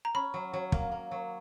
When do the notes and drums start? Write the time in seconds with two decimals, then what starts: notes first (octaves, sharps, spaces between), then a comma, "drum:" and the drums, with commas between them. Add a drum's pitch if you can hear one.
0.05 A#5
0.14 C#4 B5
0.34 F#3
0.53 F#3
0.72 A#3, drum: kick
0.92 A#3
1.11 F#3